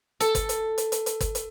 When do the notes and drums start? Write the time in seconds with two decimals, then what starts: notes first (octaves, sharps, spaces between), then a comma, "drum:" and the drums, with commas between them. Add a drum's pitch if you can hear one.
0.20 A4, drum: hi-hat
0.35 drum: kick, hi-hat
0.49 drum: hi-hat
0.78 drum: hi-hat
0.92 drum: hi-hat
1.06 drum: hi-hat
1.21 drum: kick, hi-hat
1.35 drum: hi-hat